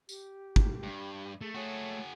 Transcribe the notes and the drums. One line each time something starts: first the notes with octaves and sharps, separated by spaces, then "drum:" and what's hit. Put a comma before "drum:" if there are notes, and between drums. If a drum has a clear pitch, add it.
G4, drum: tambourine
drum: kick
G2
A3 G#4
F#4 G#4 C#5